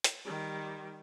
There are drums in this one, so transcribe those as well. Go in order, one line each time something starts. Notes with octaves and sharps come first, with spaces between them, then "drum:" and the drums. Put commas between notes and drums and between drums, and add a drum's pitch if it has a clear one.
drum: hi-hat
D#3 G3